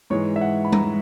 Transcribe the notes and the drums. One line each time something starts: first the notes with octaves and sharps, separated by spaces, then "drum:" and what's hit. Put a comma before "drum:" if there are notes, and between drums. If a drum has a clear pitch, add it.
G#2 E3 G#3 C#5
E5
F#5
B5
A#5, drum: tom G3